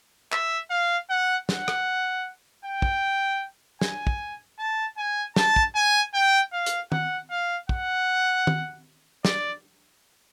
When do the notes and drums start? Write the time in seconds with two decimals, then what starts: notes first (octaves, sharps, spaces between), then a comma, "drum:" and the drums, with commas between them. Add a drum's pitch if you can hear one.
0.32 E5, drum: clap
0.70 F5
1.10 F#5
1.49 F#5, drum: snare
1.68 drum: rim click
2.65 G5
2.82 drum: kick
3.81 G#5, drum: snare
4.07 drum: kick
4.59 A5
4.98 G#5
5.36 A5, drum: snare
5.56 drum: kick
5.75 G#5
6.14 G5
6.53 F5
6.66 drum: hi-hat
6.92 F#5, drum: tom
7.31 F5
7.69 F#5, drum: kick
8.47 drum: tom
9.25 D5, drum: snare